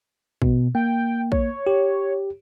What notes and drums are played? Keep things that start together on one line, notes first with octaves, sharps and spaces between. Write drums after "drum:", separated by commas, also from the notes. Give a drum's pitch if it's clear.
B2, drum: kick
A#3 G5
C#5, drum: kick
G4